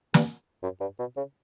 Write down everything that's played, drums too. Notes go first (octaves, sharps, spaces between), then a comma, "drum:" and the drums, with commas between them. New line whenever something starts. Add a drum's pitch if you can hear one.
G2, drum: snare
F#2
G2
B2
C#3